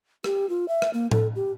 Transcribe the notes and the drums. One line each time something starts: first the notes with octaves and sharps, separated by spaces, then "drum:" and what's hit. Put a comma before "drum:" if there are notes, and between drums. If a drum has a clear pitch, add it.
G4, drum: rim click
F4
E5
drum: rim click
A#3
A4, drum: tom A2
G4